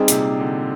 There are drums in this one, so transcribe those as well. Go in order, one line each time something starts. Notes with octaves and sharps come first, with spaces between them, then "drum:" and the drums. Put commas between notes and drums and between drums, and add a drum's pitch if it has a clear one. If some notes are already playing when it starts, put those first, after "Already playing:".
Already playing: G3 C4 D#4 G#4 D#5
A#2, drum: hi-hat
C3
D3